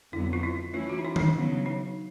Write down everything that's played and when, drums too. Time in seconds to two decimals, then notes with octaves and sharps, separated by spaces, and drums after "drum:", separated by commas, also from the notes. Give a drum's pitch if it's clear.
0.13 F2 D3 F#3 B3 E4
0.33 F4
0.43 E4
0.74 E3 A3 C#4 E4 F4
0.89 F#4
0.99 D#4
1.05 E4
1.16 D4, drum: tom D#3
1.20 D#4
1.35 C#3 F#3 B3
1.66 D#4